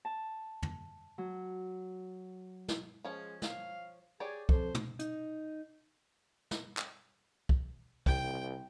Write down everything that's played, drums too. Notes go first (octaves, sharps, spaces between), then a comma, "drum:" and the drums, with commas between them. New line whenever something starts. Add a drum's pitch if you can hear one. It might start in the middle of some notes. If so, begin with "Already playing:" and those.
A5
drum: tom
F#3
drum: snare
F3 G#3 C#4
F5, drum: snare
G4 G#4 C#5 D5
F2 A4 C5, drum: kick
drum: tom
D#4, drum: hi-hat
drum: snare
drum: clap
drum: kick
C2 C3 G5, drum: kick